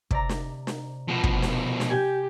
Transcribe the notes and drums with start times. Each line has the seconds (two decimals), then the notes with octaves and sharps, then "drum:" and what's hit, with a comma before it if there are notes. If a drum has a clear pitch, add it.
0.11 C3 D5 A#5, drum: kick
0.29 drum: snare
0.67 drum: snare
1.08 B2 F3
1.24 drum: kick
1.42 drum: snare
1.80 drum: snare
1.90 G4 G#5 G6